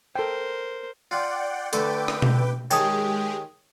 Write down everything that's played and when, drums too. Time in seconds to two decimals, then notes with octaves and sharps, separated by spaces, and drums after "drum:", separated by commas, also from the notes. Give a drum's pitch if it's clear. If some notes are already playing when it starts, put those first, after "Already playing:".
0.16 A4 A#4 C5 G5
1.11 F4 D5 F#5 G5
1.73 D3 A3 A4 B4 G5 D6, drum: hi-hat
2.08 drum: rim click
2.22 drum: tom B2
2.71 D#3 G#3 G4 G#4 C#5 G5 A5 D#6, drum: tambourine